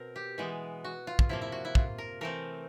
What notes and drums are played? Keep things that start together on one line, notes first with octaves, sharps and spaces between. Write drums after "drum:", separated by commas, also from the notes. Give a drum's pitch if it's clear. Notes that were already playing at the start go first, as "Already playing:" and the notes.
Already playing: B2 C4 A#4
G4
E3 G#3 B3
F#4
F4
drum: kick
C3 F3 A#3 E4
E4
F#4
E4
F4, drum: kick
A#4
E3 A3 C4 A#4